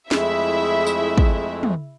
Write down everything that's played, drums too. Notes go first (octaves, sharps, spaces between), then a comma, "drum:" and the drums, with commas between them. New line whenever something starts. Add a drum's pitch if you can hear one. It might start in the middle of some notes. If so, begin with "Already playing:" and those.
F2 G#3 A3 E4 G#4 E5, drum: snare
drum: tambourine
drum: kick
drum: tom